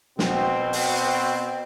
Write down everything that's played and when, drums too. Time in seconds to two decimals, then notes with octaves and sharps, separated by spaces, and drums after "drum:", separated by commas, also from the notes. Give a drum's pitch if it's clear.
0.19 B2 C4, drum: snare
0.73 drum: open hi-hat